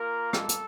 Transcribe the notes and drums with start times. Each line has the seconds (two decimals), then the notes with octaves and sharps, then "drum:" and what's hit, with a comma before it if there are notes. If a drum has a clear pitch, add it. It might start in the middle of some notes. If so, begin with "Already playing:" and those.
Already playing: A#3 F4 A#4
0.33 A4, drum: rim click
0.49 drum: hi-hat